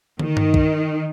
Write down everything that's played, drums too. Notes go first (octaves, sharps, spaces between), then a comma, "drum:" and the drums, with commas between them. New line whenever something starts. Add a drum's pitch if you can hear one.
D#3, drum: tom
drum: tom G2
drum: kick